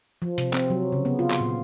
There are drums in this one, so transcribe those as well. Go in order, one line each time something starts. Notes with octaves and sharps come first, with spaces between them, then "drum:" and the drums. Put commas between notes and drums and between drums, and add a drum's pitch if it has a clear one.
F3
C3, drum: hi-hat
C4, drum: clap
F#3
C#3
B3
F4
drum: clap
A#2